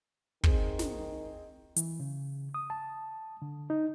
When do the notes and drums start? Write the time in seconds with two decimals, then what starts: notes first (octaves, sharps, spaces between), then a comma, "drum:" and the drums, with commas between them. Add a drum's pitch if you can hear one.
0.44 D#3 C4 G#4 D#5, drum: kick
0.79 drum: snare
1.76 E3, drum: hi-hat
2.00 C#3
2.54 D#6
2.70 A5
3.42 D3
3.70 D#4